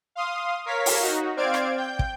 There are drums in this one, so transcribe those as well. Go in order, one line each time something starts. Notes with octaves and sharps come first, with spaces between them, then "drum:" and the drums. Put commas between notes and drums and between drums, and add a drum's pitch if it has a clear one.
F5 C6 D#6
A#4 C#5 F5 B6
drum: open hi-hat
D#4 F#4
C4 C5 D5 F5 G#6 D7
drum: rim click
G5 G6
drum: kick